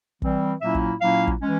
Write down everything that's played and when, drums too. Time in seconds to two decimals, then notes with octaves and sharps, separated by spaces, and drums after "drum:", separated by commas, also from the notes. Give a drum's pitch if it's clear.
0.22 E3 G3 C4, drum: kick
0.61 A#2 F#3 A#3 C#4 E4 E5
0.75 drum: kick
1.01 A#2 F#3 A#3 C#4 E4 F5
1.27 drum: kick
1.40 E3 G#3 C#4